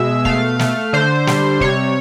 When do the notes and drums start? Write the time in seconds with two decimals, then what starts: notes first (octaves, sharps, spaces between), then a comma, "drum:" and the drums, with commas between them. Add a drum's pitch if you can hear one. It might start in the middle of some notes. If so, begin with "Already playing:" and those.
Already playing: B2 G#3 E5
0.25 A3 F5, drum: kick
0.59 A3, drum: snare
0.93 D3 C5
1.27 G3, drum: snare
1.60 C3 C#5, drum: kick